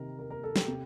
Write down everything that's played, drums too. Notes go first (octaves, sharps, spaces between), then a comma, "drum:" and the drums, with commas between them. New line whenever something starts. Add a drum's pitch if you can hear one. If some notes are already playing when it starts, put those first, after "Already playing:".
Already playing: C3 D#3 A#4
A#4
A#4
A4
G4, drum: snare
C3 G4